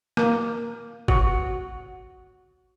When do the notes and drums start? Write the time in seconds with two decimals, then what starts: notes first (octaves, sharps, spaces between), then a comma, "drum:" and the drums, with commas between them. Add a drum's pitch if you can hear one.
0.17 A#3, drum: rim click
1.08 F#4, drum: kick G1